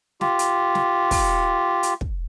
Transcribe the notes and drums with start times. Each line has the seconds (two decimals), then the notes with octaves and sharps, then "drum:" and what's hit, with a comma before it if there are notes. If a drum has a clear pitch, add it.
0.21 F4 G4, drum: snare
0.39 drum: hi-hat
0.75 drum: snare
1.11 drum: kick, open hi-hat
1.83 drum: hi-hat
2.01 drum: kick